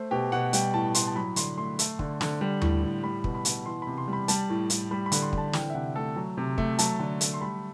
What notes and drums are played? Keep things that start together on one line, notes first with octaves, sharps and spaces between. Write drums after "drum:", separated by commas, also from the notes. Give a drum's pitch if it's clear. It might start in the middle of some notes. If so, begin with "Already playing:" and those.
Already playing: A3 C5
B2 G4
B2 F#5
G3 G5, drum: hi-hat
A2 A5
A2 C6, drum: hi-hat
A5
F#3 B5
D3 C6, drum: hi-hat
A3 C6
A3, drum: hi-hat
D3, drum: kick
D3, drum: snare
G3
A2, drum: tom D#2
A2
G3 B5
B2, drum: kick
B5
B2, drum: hi-hat
E3 C6
C3 B5
C6
G3
B5
G3 A5, drum: hi-hat
A2
A2, drum: hi-hat
G3 B5
B5
D3, drum: hi-hat
C6
D3 A5, drum: kick
E3 G5, drum: snare
E5
C3 F#5
A3 A4
F#3
C3
A3, drum: kick
F#3 A5, drum: hi-hat
D3
A3, drum: hi-hat
C6
G3 B5